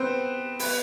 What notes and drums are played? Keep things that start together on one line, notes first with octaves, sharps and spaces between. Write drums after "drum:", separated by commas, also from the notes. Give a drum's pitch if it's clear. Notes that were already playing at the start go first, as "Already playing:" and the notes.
Already playing: B3 C4 B4 C5
B3 B4, drum: open hi-hat